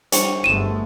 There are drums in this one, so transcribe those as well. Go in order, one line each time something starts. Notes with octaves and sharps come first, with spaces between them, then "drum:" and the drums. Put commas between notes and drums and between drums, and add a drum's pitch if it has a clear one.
G3 D4 C5 C#5, drum: hi-hat
G1 G#3 A3 D#7 E7